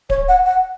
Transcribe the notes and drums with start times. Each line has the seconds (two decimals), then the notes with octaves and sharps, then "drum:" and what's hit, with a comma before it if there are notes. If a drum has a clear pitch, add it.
0.10 C#5, drum: kick D1
0.28 F#5
0.45 F#5